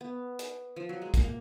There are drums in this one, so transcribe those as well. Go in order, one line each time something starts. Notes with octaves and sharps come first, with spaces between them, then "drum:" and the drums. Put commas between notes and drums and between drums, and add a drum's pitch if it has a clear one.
B3
drum: hi-hat
F3
F#3
G#3
A#3, drum: kick, hi-hat
A#3